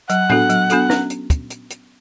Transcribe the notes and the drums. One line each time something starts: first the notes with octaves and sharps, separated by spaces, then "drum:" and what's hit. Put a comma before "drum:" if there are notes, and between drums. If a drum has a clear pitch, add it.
F#3 F#5, drum: hi-hat
B3 D4 F#4 A4, drum: tom A2
F#3, drum: hi-hat
B3 D4 F#4 A4, drum: hi-hat
C#4, drum: snare
drum: hi-hat
drum: kick, hi-hat
drum: hi-hat
drum: hi-hat